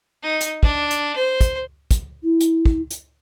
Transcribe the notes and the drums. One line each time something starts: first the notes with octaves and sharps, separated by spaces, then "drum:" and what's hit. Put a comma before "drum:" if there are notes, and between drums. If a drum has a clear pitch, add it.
D#4
drum: hi-hat
D4, drum: kick
drum: hi-hat
C5
drum: kick, hi-hat
drum: kick, hi-hat
E4
drum: hi-hat
drum: kick
drum: hi-hat